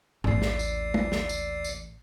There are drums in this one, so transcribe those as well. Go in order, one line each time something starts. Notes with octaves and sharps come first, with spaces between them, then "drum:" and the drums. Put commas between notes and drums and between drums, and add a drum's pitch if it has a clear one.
A1 D#2 A3 D5 C7, drum: tom G#2
drum: snare
drum: tambourine
drum: tom G#3
drum: snare
drum: tambourine
drum: tambourine